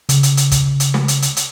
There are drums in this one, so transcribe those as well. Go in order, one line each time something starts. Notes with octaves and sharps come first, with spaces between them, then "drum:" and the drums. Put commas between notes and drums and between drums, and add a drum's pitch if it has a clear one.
C#3, drum: hi-hat
drum: hi-hat
drum: hi-hat
drum: kick, hi-hat
drum: hi-hat
drum: snare
drum: hi-hat
drum: hi-hat
drum: hi-hat